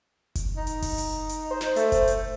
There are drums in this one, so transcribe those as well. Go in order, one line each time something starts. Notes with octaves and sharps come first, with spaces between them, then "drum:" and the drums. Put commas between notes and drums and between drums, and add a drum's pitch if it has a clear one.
drum: kick F#1, hi-hat
D#4
drum: hi-hat
drum: kick F#1, open hi-hat
drum: hi-hat
drum: hi-hat
C5
drum: snare
A3, drum: hi-hat
drum: kick F#1, hi-hat
drum: hi-hat